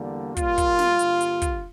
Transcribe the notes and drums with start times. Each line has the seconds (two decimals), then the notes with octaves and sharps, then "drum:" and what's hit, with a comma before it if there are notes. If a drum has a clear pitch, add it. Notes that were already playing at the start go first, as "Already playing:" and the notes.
Already playing: E2 D3 G3 A#3
0.37 A#2 G3 A#3 F4, drum: kick, hi-hat
0.58 drum: kick, hi-hat
0.79 drum: snare
0.99 G2 D3 G3 A#3, drum: hi-hat
1.21 drum: hi-hat
1.42 drum: kick, hi-hat